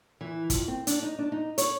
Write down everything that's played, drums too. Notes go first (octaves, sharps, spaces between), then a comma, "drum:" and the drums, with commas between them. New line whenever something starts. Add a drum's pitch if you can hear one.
E3
F2, drum: kick, hi-hat
C4
D4, drum: hi-hat
D#4
D4
D#4
C#5, drum: hi-hat